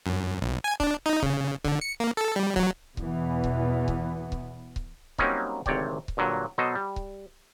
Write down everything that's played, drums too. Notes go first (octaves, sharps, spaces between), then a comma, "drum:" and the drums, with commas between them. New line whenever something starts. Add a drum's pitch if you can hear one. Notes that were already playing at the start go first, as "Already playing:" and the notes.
F#2
B1
G#5
D4, drum: kick C#1
D#4
C#3, drum: kick C#1
D3, drum: kick C#1
C#7
A#3
A4
G3
F#3, drum: kick C#1
E2 B2 E3 B3, drum: kick C#1
drum: kick C#1
drum: kick C#1
drum: kick C#1
drum: kick C#1
F#3 G3 A#3 C4 C#4 D#4, drum: kick C#1
G#1 D2 C3 C#5 D5 G5, drum: kick C#1
drum: kick C#1
G2 A#2 D3 F#3
B2 F#3 A4 C5 D#5
G3
drum: kick C#1